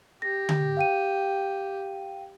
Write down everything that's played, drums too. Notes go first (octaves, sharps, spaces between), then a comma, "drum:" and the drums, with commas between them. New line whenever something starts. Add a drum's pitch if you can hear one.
G4 A#6
drum: tom D3
F5 G5 D#7